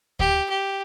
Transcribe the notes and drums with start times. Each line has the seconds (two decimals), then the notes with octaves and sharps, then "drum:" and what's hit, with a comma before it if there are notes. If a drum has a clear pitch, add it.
0.19 G4, drum: kick D2
0.49 G4